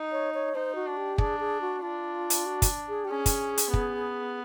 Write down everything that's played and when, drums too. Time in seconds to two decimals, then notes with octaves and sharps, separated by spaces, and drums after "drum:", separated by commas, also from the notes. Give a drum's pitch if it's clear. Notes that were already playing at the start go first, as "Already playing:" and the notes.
Already playing: D#4
0.12 C#5
0.34 C#5
0.55 D#4 C5
0.75 F#4
0.87 D4
0.97 G4
1.18 D4 G#4, drum: kick
1.40 G#4
1.61 F#4
1.82 D4 F4
2.30 drum: hi-hat
2.46 F#4
2.62 drum: kick, hi-hat
2.88 G#4
3.05 G4
3.10 C#4 G#4
3.26 drum: kick, hi-hat
3.58 drum: hi-hat
3.74 B3, drum: kick